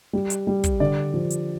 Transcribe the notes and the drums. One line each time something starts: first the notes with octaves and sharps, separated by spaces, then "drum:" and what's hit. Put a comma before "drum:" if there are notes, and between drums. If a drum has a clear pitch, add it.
G3
drum: hi-hat
G3
drum: kick, hi-hat
D3 D5
F3
drum: hi-hat